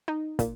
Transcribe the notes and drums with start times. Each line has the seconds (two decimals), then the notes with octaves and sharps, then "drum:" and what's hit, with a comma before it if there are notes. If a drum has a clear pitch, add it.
0.08 D#4
0.39 A#2, drum: kick, hi-hat